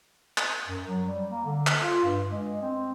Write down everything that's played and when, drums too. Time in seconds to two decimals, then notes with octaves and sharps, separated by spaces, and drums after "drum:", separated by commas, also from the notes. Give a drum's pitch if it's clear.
0.38 drum: clap
0.68 F#2
0.89 F#3
1.05 G3
1.31 A#3
1.45 D3
1.67 drum: clap
1.82 F4
2.05 G2
2.31 G#3
2.62 C4